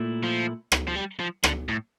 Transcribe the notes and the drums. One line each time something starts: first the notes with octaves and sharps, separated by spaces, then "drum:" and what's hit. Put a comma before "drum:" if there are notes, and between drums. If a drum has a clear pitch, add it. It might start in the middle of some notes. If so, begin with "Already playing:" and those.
Already playing: A#2 A3 E4
F3
drum: rim click
F3
G3
F3
D3, drum: rim click
A2